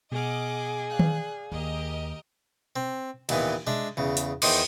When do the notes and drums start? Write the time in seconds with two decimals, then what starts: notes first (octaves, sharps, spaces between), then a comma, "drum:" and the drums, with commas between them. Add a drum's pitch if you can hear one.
0.12 B2 G#4 D#5 F#5 D6 F6
0.90 D5 F5 G5 F#6
0.99 drum: tom D#3
1.52 D#2 G4 A#4 D#5
2.76 C4
3.29 D#2 A#2 E3 B3, drum: cymbal
3.67 G#3 D4 E5
3.97 E2 C#3
4.17 drum: hi-hat
4.42 E2 D#3 C5 D#5 C6 D6, drum: cymbal